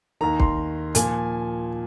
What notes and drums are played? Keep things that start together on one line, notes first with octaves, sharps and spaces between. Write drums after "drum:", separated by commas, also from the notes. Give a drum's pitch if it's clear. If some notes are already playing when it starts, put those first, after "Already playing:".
D#2 D#3 A#5
C6, drum: kick
A#2 F3 G#5, drum: hi-hat